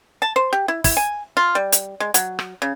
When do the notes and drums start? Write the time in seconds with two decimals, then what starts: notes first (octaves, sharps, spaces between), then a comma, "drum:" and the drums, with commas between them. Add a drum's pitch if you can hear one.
0.22 A5
0.36 C5
0.53 G4
0.68 E4
0.84 E4, drum: kick, open hi-hat
0.97 G#5
1.37 F4
1.55 G3
1.73 drum: hi-hat
2.00 G#3
2.14 F#3, drum: hi-hat
2.39 drum: rim click
2.62 C#3